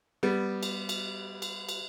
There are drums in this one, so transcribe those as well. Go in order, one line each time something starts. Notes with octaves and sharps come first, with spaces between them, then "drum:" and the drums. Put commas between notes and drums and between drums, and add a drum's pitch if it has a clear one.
G3 B3
drum: cymbal
drum: cymbal
drum: cymbal
drum: cymbal